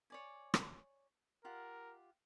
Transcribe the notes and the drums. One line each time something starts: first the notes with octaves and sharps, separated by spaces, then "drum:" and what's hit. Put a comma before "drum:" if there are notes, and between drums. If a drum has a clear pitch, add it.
C#5 D5 G#5
drum: rim click
F4 G4 A#4 F#5